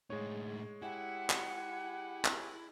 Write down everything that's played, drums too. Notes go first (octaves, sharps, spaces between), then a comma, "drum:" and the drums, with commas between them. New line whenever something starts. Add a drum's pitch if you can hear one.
A2 G#3 D#4 C#5
E4 G4 F#5 G#5
drum: clap
drum: clap